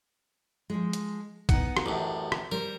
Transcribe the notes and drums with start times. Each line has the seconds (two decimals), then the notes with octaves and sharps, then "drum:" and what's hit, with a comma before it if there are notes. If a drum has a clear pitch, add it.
0.70 F3 G#3
0.93 drum: hi-hat
1.49 B3 D#4 F#5, drum: kick A1, hi-hat
1.77 drum: rim click
1.86 A1 F#2 G4
2.32 drum: rim click
2.52 G3 A#4 C5